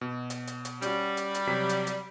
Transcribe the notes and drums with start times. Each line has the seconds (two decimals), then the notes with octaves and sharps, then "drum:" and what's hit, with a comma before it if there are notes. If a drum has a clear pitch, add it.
0.01 B2
0.30 drum: hi-hat
0.47 drum: hi-hat
0.65 drum: hi-hat
0.82 G3 C#4 F#4, drum: hi-hat
1.17 drum: hi-hat
1.34 drum: hi-hat
1.47 C3 F#3 B6
1.69 drum: hi-hat
1.87 drum: hi-hat